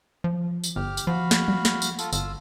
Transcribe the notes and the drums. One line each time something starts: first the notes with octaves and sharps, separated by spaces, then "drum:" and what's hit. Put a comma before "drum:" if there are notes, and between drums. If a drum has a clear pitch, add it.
F3
drum: tambourine
G1 G4 F6
drum: tambourine
F3 F#4 F5 B5
drum: snare
drum: tom F#3
drum: snare
drum: tambourine
F4 A4, drum: tambourine
G1 F4 E6, drum: tambourine